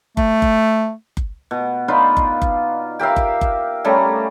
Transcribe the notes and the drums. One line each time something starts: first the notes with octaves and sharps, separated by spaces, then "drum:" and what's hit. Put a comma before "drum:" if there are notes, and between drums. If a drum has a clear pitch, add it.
A3, drum: kick F#1
drum: kick F#1
drum: kick F#1
B2
D#4 F4 B4 D5
drum: kick F#1
drum: kick F#1
G4 A#4 E5 F5
drum: kick F#1
drum: kick F#1
G3 A3 C#4 A#5